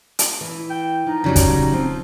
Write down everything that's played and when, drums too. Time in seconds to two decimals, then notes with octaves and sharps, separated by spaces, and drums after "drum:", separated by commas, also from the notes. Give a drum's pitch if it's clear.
0.19 drum: hi-hat
0.41 E3
0.70 G5
1.06 F3 D#4
1.24 C#3 F#3 G3
1.36 drum: kick, hi-hat
1.72 F3 C4